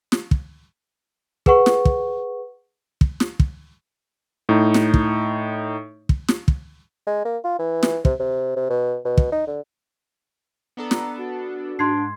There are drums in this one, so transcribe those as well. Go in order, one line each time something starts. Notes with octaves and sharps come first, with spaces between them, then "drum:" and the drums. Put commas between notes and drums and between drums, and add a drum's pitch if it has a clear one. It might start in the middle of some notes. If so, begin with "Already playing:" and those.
drum: snare
drum: kick
G#4 B4 F#5 C#6, drum: kick
drum: snare
drum: kick
drum: kick
drum: snare
drum: kick
A2 D#4
drum: snare
drum: kick
drum: kick
drum: snare
drum: kick
G#3
A#3
F4
E3
drum: snare
C3, drum: kick
C3
C3
B2
B2
drum: kick
D#4
D3
B3 D4 A4 A#5
drum: snare
F#4
G#2 D4 C6 G#6 C7